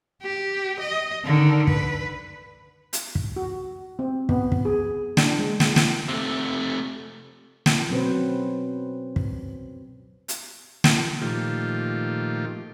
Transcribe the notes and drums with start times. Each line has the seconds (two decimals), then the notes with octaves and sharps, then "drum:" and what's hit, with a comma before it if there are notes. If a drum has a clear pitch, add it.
0.22 G4
0.79 D#5
1.25 D3 D#3
1.67 B4, drum: kick
2.93 drum: hi-hat
3.15 drum: kick
3.36 F#4
3.99 C4
4.29 B3, drum: kick
4.52 drum: kick
4.65 G#4
5.17 D4, drum: snare
5.39 G#3
5.60 drum: snare
5.76 drum: snare
6.09 C3 A3
7.66 drum: snare
7.90 B2 F#3 C4 C#4 B4 C5
9.16 drum: kick
10.28 drum: hi-hat
10.84 drum: snare
11.21 A#2 D#3 F3 A3 F4 G4